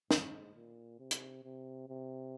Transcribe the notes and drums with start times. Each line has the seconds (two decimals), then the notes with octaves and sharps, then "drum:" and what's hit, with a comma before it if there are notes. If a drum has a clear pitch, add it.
0.11 G#2, drum: snare
0.55 A#2
0.99 C3
1.11 drum: hi-hat
1.44 C3
1.88 C3